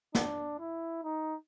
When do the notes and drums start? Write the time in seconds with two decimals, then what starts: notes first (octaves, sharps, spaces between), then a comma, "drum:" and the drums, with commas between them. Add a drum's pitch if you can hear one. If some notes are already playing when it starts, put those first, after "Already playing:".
0.15 D4, drum: snare
0.59 E4
1.04 D#4